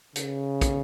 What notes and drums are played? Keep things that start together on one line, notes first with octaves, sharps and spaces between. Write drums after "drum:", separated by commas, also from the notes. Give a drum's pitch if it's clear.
C#3, drum: hi-hat
drum: kick, hi-hat